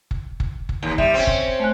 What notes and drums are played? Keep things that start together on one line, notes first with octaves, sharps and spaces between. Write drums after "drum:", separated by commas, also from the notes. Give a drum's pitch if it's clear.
drum: kick F#1
drum: kick F#1
drum: kick F#1
D#2
G3 E5, drum: kick F#1
C4 C#4
drum: kick F#1
A3 G#5 F#6